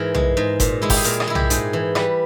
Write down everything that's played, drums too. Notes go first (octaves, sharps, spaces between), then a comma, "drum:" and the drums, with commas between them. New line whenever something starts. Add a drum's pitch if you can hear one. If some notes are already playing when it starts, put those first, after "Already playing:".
Already playing: G#2 E3 G#4 A#4
G#3, drum: tom B1
G#2
A#2, drum: kick G1, hi-hat
G#3 E4
G4, drum: kick G1, open hi-hat
G#4
A#2 A#4, drum: hi-hat
G#4, drum: rim click
G#3 E4
G4, drum: tom B1
G#2 G#4, drum: hi-hat
E3
G3 B4, drum: rim click